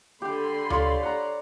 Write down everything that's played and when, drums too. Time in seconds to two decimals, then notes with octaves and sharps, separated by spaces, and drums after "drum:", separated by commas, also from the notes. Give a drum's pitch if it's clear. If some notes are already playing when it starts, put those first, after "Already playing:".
0.22 D3 G4 G5 B5 C6
0.70 F4 C#5 D5, drum: tom D2
1.03 F#5 A#5